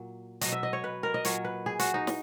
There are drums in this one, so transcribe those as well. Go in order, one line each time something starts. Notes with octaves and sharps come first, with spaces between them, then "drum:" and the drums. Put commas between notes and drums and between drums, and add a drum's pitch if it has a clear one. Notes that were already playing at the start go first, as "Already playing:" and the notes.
Already playing: A#2 F#3
B2 F#3 D#5, drum: hi-hat
E5
D#5
C#5
B4
A#4
D#5
A#2 F#3 C#5, drum: hi-hat
B4
G#4
F#4, drum: hi-hat
D#4
drum: snare